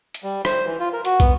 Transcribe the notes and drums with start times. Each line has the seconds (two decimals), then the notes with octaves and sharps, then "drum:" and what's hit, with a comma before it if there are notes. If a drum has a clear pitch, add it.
0.14 drum: hi-hat
0.23 G3
0.45 C5, drum: rim click
0.66 E3
0.79 F4
0.93 A#4
1.05 F#4, drum: hi-hat
1.20 B3, drum: kick, hi-hat